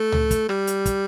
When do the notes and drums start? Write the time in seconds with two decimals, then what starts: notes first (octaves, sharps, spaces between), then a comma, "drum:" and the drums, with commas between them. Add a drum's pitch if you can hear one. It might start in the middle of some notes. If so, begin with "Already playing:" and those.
Already playing: A3
0.12 drum: tom C#2
0.31 drum: kick, hi-hat
0.49 G3, drum: rim click
0.67 drum: hi-hat
0.86 drum: kick, hi-hat